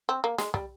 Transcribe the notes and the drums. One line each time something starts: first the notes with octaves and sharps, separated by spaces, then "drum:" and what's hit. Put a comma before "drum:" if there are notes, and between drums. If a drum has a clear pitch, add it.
C4
A#3
G#3, drum: snare
G3, drum: kick